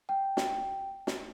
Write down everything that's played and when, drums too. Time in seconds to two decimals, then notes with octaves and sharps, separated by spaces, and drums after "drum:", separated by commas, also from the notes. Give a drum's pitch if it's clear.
0.09 G5
0.37 drum: snare
1.07 drum: snare